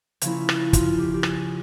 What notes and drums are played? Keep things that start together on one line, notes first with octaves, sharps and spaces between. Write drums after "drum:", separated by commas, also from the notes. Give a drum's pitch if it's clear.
C#3 F3 A#3 C#4 E4, drum: hi-hat
drum: rim click
F4, drum: kick, hi-hat
G4
G4
G#4, drum: rim click